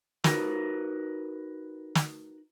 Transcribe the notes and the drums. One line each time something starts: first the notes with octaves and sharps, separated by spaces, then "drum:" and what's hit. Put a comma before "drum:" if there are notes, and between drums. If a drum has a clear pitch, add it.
D#4 F#4 A#4 B4, drum: snare
drum: snare